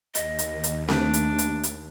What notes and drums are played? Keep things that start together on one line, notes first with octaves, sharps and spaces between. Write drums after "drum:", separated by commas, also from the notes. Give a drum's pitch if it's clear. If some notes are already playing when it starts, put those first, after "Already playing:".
D#2 D#5, drum: hi-hat
drum: hi-hat
drum: hi-hat
A3 D4, drum: snare C4
drum: hi-hat
drum: hi-hat
drum: hi-hat